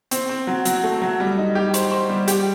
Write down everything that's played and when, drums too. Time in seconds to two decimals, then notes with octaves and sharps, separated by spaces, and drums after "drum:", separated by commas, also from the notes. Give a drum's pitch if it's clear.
0.11 C4, drum: hi-hat
0.29 C4
0.47 F#3
0.65 F#3, drum: hi-hat
0.84 A3
1.02 F#3
1.20 G3
1.38 D#4
1.55 G4
1.74 C5, drum: hi-hat
1.91 C5
2.09 G3
2.28 G4, drum: hi-hat